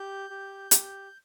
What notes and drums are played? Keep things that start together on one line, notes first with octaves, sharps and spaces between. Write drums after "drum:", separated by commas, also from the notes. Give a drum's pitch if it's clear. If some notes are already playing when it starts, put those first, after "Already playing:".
Already playing: G4 G6
G4
G4, drum: hi-hat